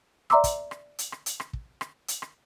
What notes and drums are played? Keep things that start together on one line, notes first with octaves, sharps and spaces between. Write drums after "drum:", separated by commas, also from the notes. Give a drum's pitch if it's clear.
D5 E5 A#5 C6 D6 E6, drum: rim click
drum: kick, hi-hat
drum: rim click
drum: hi-hat
drum: rim click
drum: hi-hat
drum: rim click
drum: kick
drum: rim click
drum: hi-hat
drum: rim click